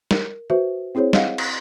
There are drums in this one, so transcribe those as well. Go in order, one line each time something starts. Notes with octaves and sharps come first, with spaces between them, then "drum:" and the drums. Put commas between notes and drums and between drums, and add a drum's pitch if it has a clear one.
A#4, drum: snare
F#4 B4 C5 E5
C4 E4 G#4 C5 C#5
D#5 F5 F#5, drum: snare
drum: cymbal